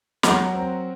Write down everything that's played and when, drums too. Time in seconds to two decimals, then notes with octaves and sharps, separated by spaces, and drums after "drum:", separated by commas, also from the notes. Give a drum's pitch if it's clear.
0.23 F#3 F#4 A#4, drum: snare
0.54 C4